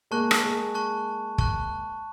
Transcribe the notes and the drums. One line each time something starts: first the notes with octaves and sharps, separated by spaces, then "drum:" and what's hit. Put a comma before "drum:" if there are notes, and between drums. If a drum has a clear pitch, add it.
G#3 A#3 A5 C#6 F#6
drum: rim click
G#3 A#3
A5 C#6 F#6
A5 C#6 F#6, drum: kick